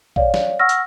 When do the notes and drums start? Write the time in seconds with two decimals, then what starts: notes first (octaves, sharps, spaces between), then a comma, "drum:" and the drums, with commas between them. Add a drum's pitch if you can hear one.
0.16 C#5 D5 F5, drum: kick A#1
0.34 drum: snare
0.59 F#5 C#6 E6 F6 A#6
0.69 drum: hi-hat